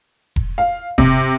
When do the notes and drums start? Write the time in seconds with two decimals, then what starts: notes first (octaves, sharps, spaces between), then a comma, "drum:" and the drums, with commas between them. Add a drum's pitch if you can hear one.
0.36 drum: kick E1
0.58 F5
0.98 C3, drum: kick E1